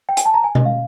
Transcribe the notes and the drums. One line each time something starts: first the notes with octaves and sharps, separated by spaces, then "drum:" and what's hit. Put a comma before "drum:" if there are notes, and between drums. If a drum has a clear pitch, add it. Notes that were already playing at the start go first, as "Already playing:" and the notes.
G5
G#5, drum: hi-hat
A5
A#5
G#5
D#5, drum: tom B2
F5